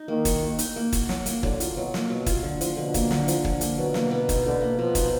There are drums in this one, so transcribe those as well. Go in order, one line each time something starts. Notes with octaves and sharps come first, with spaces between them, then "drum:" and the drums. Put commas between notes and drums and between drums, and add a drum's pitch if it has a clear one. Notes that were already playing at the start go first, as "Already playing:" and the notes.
Already playing: D#4
D#3 A#3
F#4, drum: kick, hi-hat
A#3
D#4, drum: hi-hat
A#3
F#4, drum: kick, hi-hat
F#3, drum: snare
A#3, drum: hi-hat
D3 F#3, drum: kick
F4, drum: hi-hat
B2 F#3
A#3, drum: snare
B2 F#3
F4, drum: kick, hi-hat
D3
F3, drum: hi-hat
B2 D3
A#3, drum: kick, hi-hat
D3, drum: snare
F3, drum: hi-hat
D3, drum: kick
A#3, drum: hi-hat
B2 F#3
A#3, drum: snare
B2
D#4, drum: kick, hi-hat
B2 D3
A#3
B2 F3
D#4, drum: kick, hi-hat